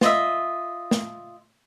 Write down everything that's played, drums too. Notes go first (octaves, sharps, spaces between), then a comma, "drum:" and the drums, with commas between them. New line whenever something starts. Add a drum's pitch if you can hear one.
F4 D#5 E5, drum: snare
drum: snare